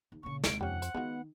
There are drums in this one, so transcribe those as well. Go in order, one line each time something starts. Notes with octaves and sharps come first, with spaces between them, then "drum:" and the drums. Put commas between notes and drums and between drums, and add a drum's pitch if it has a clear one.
D#2
A#2 C#3 C#6
D#2 C3 D7, drum: snare
F2 C#4 G4 F#5
C5, drum: hi-hat
D#3 G#3 B3 F4 F#4